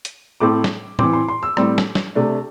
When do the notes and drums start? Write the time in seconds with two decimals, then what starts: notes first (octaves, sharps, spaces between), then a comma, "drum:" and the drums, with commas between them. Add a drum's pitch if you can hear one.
0.05 drum: hi-hat
0.40 A2 A3 C4 D6
0.64 drum: snare
0.99 E3 C4 D6, drum: tom A2
1.13 C6
1.29 C6
1.43 E6
1.57 A2 G3 C4 E6, drum: rim click
1.78 drum: snare
1.95 drum: snare
2.15 C3 A3 D4